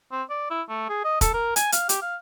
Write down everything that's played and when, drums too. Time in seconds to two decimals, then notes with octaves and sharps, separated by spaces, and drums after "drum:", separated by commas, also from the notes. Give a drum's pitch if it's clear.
0.12 C4
0.30 D5
0.51 E4
0.69 A3
0.89 G#4
1.04 D#5
1.21 A4, drum: kick, hi-hat
1.34 A#4
1.56 G#5, drum: hi-hat
1.72 F5, drum: hi-hat
1.89 G4, drum: hi-hat
2.02 F5